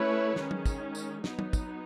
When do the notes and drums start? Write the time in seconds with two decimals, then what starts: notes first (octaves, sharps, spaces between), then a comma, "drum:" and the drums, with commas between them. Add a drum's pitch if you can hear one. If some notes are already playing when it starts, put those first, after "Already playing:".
Already playing: A3 C#4 E4 B4 C#5
0.36 D#3 G#3 C#4, drum: snare
0.51 drum: tom F#3
0.66 drum: kick, tambourine
0.95 drum: tambourine
1.24 F#3 B3 D#4, drum: snare
1.39 drum: tom F#3
1.53 drum: kick, tambourine